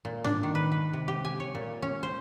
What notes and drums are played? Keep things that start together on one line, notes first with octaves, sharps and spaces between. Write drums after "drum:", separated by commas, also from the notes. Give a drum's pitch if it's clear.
A#2
D4, drum: tom G#2
D#3
B4
B4
C3
G4
G#5
C#5
A#2
C#4
C5